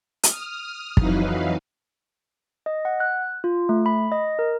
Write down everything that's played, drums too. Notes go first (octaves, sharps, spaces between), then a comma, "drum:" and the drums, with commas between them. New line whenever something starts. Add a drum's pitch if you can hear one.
D#6 F6, drum: hi-hat
F2 E3 F#3 D#4 B4 F5, drum: kick
D#5
F#5
F#6
F4
A3
B5
D#5
A#4